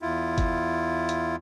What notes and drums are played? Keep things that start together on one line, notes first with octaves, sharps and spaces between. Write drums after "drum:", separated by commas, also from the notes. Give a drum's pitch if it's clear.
E2 E4 F4
drum: kick, hi-hat
drum: hi-hat